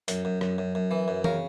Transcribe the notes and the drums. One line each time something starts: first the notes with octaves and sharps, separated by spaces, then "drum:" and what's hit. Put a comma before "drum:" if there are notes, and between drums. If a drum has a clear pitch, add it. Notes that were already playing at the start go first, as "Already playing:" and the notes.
F#2, drum: hi-hat
F#2
F#2, drum: rim click
F#2
F#2
E3
F#2
C#3 A#4, drum: tom E3